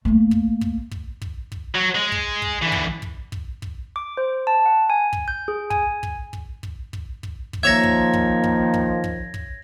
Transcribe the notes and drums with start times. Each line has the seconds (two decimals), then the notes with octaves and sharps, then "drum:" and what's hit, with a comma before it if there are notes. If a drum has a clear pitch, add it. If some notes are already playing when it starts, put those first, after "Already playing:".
0.05 A3 A#3
0.31 drum: kick
0.61 drum: kick
0.91 drum: kick
1.22 drum: kick
1.52 drum: kick
1.75 F#3
1.95 G#3
2.12 drum: kick
2.42 drum: kick
2.62 D3 E3
2.72 drum: kick
3.02 drum: kick
3.32 drum: kick
3.62 drum: kick
3.96 D6
4.17 C5
4.47 A5
4.66 F#5
4.90 G#5
5.13 drum: kick
5.28 G6
5.48 G#4
5.70 G#5, drum: kick
6.03 drum: kick
6.33 drum: kick
6.63 drum: kick
6.93 drum: kick
7.23 drum: kick
7.53 drum: kick
7.63 D#3 F3 A#3 C#5 E5 G#6 A#6
7.83 drum: kick
8.13 drum: kick
8.44 drum: kick
8.74 drum: kick
9.04 drum: kick
9.34 drum: kick